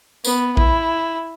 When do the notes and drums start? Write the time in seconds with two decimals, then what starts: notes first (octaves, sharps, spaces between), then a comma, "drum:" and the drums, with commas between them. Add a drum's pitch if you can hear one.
0.25 B3, drum: tambourine
0.57 E4, drum: kick A#1